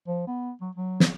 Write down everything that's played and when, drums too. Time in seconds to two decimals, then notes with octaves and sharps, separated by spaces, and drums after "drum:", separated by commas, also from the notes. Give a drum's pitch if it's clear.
0.08 F3
0.27 B3
0.61 F#3
0.75 F#3
1.00 drum: snare